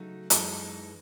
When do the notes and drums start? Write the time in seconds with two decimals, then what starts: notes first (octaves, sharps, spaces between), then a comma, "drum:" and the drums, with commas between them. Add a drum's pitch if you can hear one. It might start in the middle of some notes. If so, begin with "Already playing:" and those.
Already playing: C#3 F#3 A3 D#4
0.30 F#2 E3 G#3 D#4 A4, drum: hi-hat